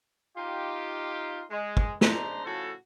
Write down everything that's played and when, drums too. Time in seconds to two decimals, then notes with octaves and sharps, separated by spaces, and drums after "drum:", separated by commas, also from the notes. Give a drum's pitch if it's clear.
0.36 D#4 F4 G4
1.51 G#3
1.77 drum: kick
2.01 C#3 D4 D#4 C5 A#5, drum: snare
2.45 A2 C#3 F3 F#4 A4